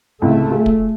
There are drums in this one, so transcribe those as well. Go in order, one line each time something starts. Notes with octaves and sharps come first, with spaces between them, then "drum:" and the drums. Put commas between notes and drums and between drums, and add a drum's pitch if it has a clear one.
C#2 A2 C3 A3
F4 G#4
drum: kick